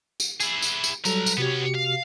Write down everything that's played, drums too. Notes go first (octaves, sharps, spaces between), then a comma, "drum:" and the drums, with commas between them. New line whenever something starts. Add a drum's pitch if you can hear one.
drum: tambourine
E4 G#4, drum: tambourine
drum: tambourine
drum: tambourine
F#3 G3 A4 B4 A#5, drum: tambourine
drum: tambourine
C3 B3 F#4 G4 C#5
F5